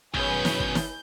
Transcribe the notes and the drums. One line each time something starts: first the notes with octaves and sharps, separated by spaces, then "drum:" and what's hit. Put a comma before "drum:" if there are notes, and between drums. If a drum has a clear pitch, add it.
B1 F#2 G#4 B4 C#5 G6, drum: kick
drum: snare
drum: kick
drum: snare